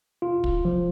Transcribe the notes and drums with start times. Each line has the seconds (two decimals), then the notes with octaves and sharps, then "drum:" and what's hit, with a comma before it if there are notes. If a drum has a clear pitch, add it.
0.22 F4
0.44 drum: kick
0.65 F3